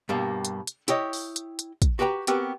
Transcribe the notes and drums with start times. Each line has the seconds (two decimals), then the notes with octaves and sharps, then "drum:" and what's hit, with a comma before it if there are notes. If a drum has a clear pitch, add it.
0.09 G2 B2 G3 A#3
0.45 drum: hi-hat
0.67 drum: hi-hat
0.88 E4 G4 C#5 D#5, drum: hi-hat
1.13 drum: open hi-hat
1.36 drum: hi-hat
1.59 drum: hi-hat
1.82 drum: kick, hi-hat
1.99 F#4 G4 B4 G5 A#5
2.27 B3 C4 F#4 G4 A#4 B4, drum: hi-hat